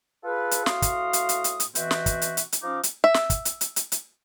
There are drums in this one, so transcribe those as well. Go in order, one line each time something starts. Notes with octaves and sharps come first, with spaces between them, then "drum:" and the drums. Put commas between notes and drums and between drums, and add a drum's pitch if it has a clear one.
F4 G#4 A4 B4
drum: hi-hat
A2 F#4 F5 C6 D#6, drum: snare
drum: kick, hi-hat
drum: hi-hat
drum: hi-hat
drum: hi-hat
drum: hi-hat
B2 E3 C4 F#4 E5, drum: hi-hat
drum: snare
drum: kick, hi-hat
drum: hi-hat
drum: hi-hat
drum: hi-hat
F3 C#4 D#4 F5 D6
drum: hi-hat
E5
drum: snare
drum: kick, hi-hat
drum: hi-hat
drum: hi-hat
drum: hi-hat
drum: hi-hat